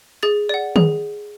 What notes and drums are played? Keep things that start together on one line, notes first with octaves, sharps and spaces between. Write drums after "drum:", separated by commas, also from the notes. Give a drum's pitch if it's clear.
G#4 A6
D5 F#5
G#4, drum: tom D#3